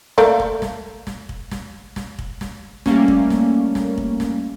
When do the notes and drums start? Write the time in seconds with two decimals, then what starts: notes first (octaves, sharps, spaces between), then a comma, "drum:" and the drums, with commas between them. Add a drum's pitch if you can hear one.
0.18 A3 A#3 D5, drum: snare
0.40 drum: kick
0.62 drum: snare
1.07 drum: snare
1.29 drum: kick
1.51 drum: snare
1.96 drum: snare
2.19 drum: kick
2.41 drum: snare
2.86 G3 A3 A#3 C#4, drum: snare
3.08 drum: kick
3.30 drum: snare
3.75 drum: snare
3.98 drum: kick
4.20 drum: snare